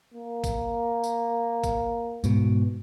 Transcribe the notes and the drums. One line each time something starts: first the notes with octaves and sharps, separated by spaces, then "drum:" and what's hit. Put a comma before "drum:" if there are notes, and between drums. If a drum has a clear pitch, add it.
A#3
drum: kick, tambourine
drum: tambourine
drum: kick, tambourine
G#2 B2, drum: tambourine